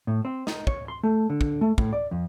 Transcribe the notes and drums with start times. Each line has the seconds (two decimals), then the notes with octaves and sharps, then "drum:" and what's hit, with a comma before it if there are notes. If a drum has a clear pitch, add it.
0.07 A2
0.25 C4
0.47 D#4, drum: snare
0.67 C#5, drum: kick
0.88 C6
1.03 A3
1.30 D3
1.41 drum: kick
1.61 A3
1.78 A2, drum: kick
1.93 D5
2.11 F2